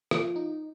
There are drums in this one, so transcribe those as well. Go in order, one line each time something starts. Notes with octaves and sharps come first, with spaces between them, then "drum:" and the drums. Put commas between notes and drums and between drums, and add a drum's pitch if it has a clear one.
F3, drum: rim click
D#4